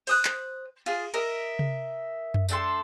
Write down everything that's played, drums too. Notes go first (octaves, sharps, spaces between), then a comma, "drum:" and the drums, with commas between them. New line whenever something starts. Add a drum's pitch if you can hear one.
C5 D#6 F#6, drum: open hi-hat
drum: clap
F4 G#4, drum: cymbal
A#4 D#5 E5, drum: cymbal
drum: tom C3
drum: tom F#2
A3 D4 A4 C6, drum: tambourine